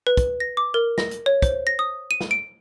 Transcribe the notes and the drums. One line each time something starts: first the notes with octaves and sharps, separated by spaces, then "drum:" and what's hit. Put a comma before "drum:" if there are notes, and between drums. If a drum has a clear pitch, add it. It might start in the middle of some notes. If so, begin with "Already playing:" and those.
B4
drum: kick, hi-hat
A#6
D6
A#4
A#6, drum: snare
drum: hi-hat
C#5
C5, drum: kick, hi-hat
A#6
D#6
D#7
drum: snare
D7